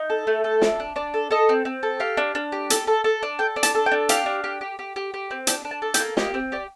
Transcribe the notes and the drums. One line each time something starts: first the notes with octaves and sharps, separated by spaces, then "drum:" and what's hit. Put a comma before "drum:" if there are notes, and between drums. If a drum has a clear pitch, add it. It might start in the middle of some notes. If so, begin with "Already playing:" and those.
Already playing: D#4
A4
A3
A4
D4, drum: snare
D4
D4 D5
A4
A4 D#5
C4
C4
A4
G4 F5
D4
D4
G4
A4, drum: hi-hat
A4
A4
D4
A4 G5
D4
A5, drum: hi-hat
A4
G5
D4
G4 F5, drum: hi-hat
D4
G4
G4
G4
G4
G4
C4
D4 G5, drum: hi-hat
D4
A5
A4
G5, drum: hi-hat
A#3
G4 D#5, drum: snare
C4
G4 D5